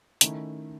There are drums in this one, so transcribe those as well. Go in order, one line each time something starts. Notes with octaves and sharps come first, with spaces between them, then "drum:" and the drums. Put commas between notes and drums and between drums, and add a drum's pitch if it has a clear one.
D#3 A3 C#4 E4, drum: hi-hat